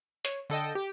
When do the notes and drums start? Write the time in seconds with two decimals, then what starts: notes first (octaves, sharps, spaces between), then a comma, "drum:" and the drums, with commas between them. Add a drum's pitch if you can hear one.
0.25 C#5, drum: hi-hat
0.50 D3 A4 D#5 G5
0.75 G4